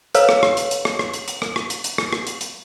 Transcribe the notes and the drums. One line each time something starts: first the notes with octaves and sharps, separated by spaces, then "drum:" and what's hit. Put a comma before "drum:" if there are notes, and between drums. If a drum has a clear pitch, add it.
A4 B4 C#5 F5 A#5 E6, drum: hi-hat
drum: rim click
drum: rim click
drum: hi-hat
drum: hi-hat
drum: rim click
drum: rim click
drum: hi-hat
drum: hi-hat
drum: rim click
drum: rim click
drum: hi-hat
drum: hi-hat
drum: rim click
drum: rim click
drum: hi-hat
drum: hi-hat